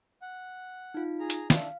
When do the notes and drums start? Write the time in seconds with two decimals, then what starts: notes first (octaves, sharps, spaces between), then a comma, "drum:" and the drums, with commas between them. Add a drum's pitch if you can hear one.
0.22 F#5
0.94 D#4 F4
1.20 G#4 A#5
1.30 drum: hi-hat
1.50 D4 E5 F5, drum: snare